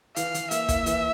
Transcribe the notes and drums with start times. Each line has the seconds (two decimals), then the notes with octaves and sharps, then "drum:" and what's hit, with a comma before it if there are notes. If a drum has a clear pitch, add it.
0.16 E3 F5, drum: hi-hat
0.34 E3, drum: hi-hat
0.51 A#3 E5, drum: hi-hat
0.68 A#3, drum: kick, hi-hat
0.86 E3, drum: hi-hat